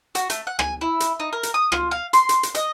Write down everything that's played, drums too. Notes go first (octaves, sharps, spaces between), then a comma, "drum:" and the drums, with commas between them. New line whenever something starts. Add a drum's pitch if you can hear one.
F#4, drum: hi-hat
A3, drum: hi-hat
F#5
G#5, drum: rim click
E4
drum: hi-hat
D#4
A#4
drum: hi-hat
D#6
F4, drum: rim click
F5
C6, drum: hi-hat
drum: hi-hat
drum: hi-hat
D#5, drum: hi-hat